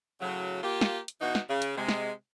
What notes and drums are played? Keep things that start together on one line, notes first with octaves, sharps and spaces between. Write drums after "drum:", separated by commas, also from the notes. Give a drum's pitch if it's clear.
A2 C#3 F#3
A#3 F4 G4
drum: snare
drum: hi-hat
B2 E3 D#4 F#4
drum: snare
C#3
drum: hi-hat
C3 G#3
drum: snare